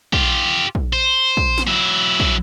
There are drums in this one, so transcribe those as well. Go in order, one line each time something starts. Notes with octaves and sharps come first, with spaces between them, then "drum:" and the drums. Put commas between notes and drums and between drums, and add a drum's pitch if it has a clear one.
F4 G4, drum: kick
drum: kick
C5
drum: kick
drum: snare
F#3 E4
drum: kick